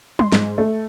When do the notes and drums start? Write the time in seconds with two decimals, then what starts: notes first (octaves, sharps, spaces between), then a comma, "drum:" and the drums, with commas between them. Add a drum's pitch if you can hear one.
0.19 C6, drum: tom G3
0.32 G#2, drum: snare
0.58 A3